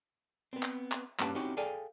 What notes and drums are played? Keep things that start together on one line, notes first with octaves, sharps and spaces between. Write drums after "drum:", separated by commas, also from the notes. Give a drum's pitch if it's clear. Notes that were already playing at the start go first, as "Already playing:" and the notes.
B3 C4
drum: clap
drum: clap
G2 A#3 C#4 G4 B4 A5, drum: clap
C4 C#4 D#4 E4 F#4 G4
G#4 A4 D5 F5 G5 G#5